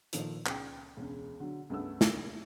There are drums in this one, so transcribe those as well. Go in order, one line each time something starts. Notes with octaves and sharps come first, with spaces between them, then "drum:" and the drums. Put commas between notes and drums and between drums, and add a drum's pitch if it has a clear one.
A#2 D#3 F3 A4, drum: hi-hat
C#2 G5, drum: clap
E1 C#2
D3 F#3
C#2 G2 A3 B3 E6
drum: snare